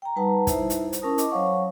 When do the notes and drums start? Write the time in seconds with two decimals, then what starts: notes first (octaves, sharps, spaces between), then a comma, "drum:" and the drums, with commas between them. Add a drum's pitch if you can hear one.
0.02 G5 A#5
0.16 G3 D#4 B4 F#5 A5 A#5
0.47 D#4 E4 C5 E5, drum: kick, hi-hat
0.70 drum: hi-hat
0.93 drum: hi-hat
1.02 C#4 E4 A#4 A5 D#6
1.18 D#5 D6, drum: hi-hat
1.31 F#3 C5 C#5 F5 F#5 C#6